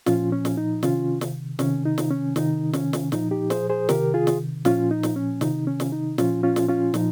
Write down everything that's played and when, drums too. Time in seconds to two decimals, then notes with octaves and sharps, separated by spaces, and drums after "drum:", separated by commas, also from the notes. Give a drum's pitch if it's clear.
0.06 A#2 F3 C#4 F4, drum: snare
0.32 C#4
0.45 drum: snare
0.57 D#4
0.83 C3 D#3 C#4 F4, drum: snare
1.21 drum: snare
1.59 C3 D#3 C#4, drum: snare
1.85 D#4
1.98 drum: snare
2.10 C#4
2.36 C3 D#3 D#4, drum: snare
2.73 C#4, drum: snare
2.93 drum: snare
3.12 A#2 F3 D#4, drum: snare
3.31 D#4 G4
3.50 G#4 C5, drum: snare
3.70 G#4 C5
3.89 C3 D#3 G4 A#4, drum: snare
4.14 F4 G#4
4.27 drum: snare
4.65 A#2 F3 C#4 F4, drum: snare
4.91 D#4
5.03 drum: snare
5.16 C#4
5.41 C3 D#3 D#4, drum: snare
5.67 C#4
5.80 drum: snare
5.92 D#4
6.18 A#2 F3 C#4 F4, drum: snare
6.43 C#4 F4
6.56 drum: snare
6.69 C#4 F4
6.94 A#2 F3 D#4, drum: snare